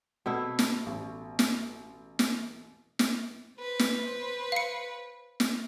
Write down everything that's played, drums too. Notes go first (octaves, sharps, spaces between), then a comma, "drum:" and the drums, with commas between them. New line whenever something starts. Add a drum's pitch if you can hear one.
B2 A3 C4 E4
drum: snare
A1
drum: snare
drum: snare
drum: snare
B4 C5
drum: snare
F5 C#7
drum: snare